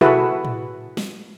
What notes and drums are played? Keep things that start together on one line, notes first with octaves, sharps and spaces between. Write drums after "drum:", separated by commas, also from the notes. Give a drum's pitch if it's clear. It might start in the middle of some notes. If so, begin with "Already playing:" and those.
E4 F#4 G#4 A4 B4 E5, drum: tom B2
drum: tom A2
drum: snare